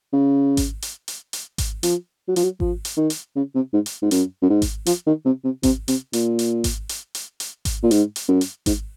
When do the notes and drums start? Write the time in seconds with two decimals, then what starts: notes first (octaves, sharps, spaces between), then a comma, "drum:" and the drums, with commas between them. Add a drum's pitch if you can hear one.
0.13 C#3
0.57 drum: kick G#1, hi-hat
0.82 drum: hi-hat
1.08 drum: hi-hat
1.33 drum: hi-hat
1.58 drum: kick G#1, hi-hat
1.83 F3, drum: hi-hat
2.28 F#3
2.36 F3, drum: hi-hat
2.43 F#3
2.60 F3, drum: kick G#1
2.85 drum: hi-hat
2.97 D#3
3.10 drum: hi-hat
3.36 C#3
3.55 C3
3.73 G#2
3.86 drum: hi-hat
4.02 G#2
4.11 F#2, drum: hi-hat
4.42 F#2
4.50 G#2
4.62 drum: kick G#1, hi-hat
4.86 F3, drum: hi-hat
5.07 D#3
5.25 C3
5.44 C3
5.63 C3, drum: kick G#1, hi-hat
5.88 C3, drum: hi-hat
6.13 A#2, drum: hi-hat
6.39 drum: hi-hat
6.64 drum: kick G#1, hi-hat
6.89 drum: hi-hat
7.15 drum: hi-hat
7.40 drum: hi-hat
7.65 drum: kick G#1, hi-hat
7.83 A#2
7.91 G#2, drum: hi-hat
8.16 drum: hi-hat
8.28 F#2
8.41 drum: hi-hat
8.66 G#2, drum: kick G#1, hi-hat